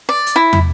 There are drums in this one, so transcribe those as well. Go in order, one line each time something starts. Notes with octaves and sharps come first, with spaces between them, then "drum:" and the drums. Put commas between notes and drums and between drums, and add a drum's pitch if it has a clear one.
D5
drum: hi-hat
E4
drum: tom